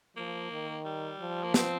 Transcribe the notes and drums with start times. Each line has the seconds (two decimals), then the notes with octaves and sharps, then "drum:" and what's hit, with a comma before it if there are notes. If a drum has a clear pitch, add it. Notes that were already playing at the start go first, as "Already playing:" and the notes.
0.16 F3 A#3
0.51 D#3
0.85 G3
1.21 F3
1.43 A#3
1.54 C4, drum: snare